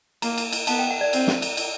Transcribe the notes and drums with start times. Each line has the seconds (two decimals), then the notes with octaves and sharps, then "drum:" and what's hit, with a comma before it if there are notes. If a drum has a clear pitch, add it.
0.22 A#3 A#5, drum: cymbal
0.38 drum: cymbal
0.52 drum: cymbal
0.67 B3 A5, drum: cymbal
0.79 G5
0.91 F#5
1.01 D5
1.13 C4, drum: cymbal
1.27 drum: snare
1.42 drum: cymbal
1.57 drum: cymbal